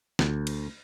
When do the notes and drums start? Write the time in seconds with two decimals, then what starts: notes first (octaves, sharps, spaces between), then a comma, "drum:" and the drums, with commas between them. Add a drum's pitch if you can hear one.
0.19 D2, drum: snare
0.47 drum: cymbal